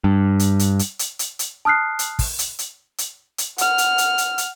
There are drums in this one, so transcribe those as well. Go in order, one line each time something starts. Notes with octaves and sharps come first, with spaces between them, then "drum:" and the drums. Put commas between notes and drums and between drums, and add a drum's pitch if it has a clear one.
G2
drum: hi-hat
drum: hi-hat
drum: hi-hat
drum: hi-hat
drum: hi-hat
drum: hi-hat
A5 D#6 F6 F#6 C7
drum: hi-hat
drum: kick, open hi-hat
drum: hi-hat
drum: hi-hat
drum: hi-hat
drum: hi-hat
F#5 F6, drum: hi-hat
drum: hi-hat
drum: hi-hat
drum: hi-hat
drum: hi-hat